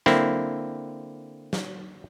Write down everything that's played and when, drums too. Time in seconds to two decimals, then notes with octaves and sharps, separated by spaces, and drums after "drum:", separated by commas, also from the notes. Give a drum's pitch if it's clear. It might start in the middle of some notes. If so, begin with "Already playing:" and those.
0.06 D3 A#3 C4 E4, drum: snare
1.53 drum: snare